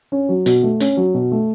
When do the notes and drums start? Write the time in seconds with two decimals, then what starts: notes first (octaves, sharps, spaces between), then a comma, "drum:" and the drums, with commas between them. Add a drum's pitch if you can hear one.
0.12 C#4
0.29 F#3
0.46 B2, drum: hi-hat
0.63 A3
0.80 C#4, drum: hi-hat
0.97 F#3
1.14 B2
1.32 A3